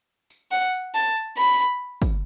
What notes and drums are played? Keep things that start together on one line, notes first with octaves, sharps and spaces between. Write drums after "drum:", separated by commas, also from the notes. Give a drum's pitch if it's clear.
drum: tambourine
F#5
drum: tambourine
A5
drum: tambourine
B5
drum: tambourine
drum: kick, tambourine